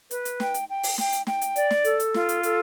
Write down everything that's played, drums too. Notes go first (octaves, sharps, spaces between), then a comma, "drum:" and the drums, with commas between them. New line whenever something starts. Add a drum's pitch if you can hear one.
B4, drum: hi-hat
drum: hi-hat
G5, drum: snare
drum: hi-hat
G5
drum: open hi-hat
G5, drum: snare
drum: hi-hat
G5, drum: snare
drum: hi-hat
D5, drum: hi-hat
drum: snare
A4, drum: hi-hat
drum: hi-hat
F4, drum: snare
drum: hi-hat
A4, drum: hi-hat